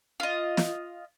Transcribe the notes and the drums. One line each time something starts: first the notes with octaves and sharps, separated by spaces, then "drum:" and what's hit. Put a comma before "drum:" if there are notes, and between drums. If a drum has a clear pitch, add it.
F4 D#5
drum: snare